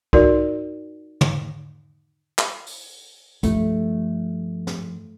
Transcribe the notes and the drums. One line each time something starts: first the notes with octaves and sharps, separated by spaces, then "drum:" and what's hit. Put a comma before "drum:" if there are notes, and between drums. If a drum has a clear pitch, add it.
D#4 F#4 A#4 D5, drum: kick
drum: tom
drum: clap
drum: open hi-hat
G2 F3 A3, drum: hi-hat
drum: snare